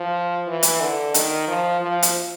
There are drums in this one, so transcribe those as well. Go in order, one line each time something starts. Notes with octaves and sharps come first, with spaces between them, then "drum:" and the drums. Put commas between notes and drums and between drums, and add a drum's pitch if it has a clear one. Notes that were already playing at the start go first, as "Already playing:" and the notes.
Already playing: F3
E3
drum: hi-hat
D3
D#3, drum: hi-hat
F3
F3
drum: hi-hat